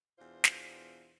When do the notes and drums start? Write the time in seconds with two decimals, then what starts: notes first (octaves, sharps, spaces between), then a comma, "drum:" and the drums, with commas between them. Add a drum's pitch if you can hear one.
0.19 E2 B2 D4 F4 C5
0.44 drum: snare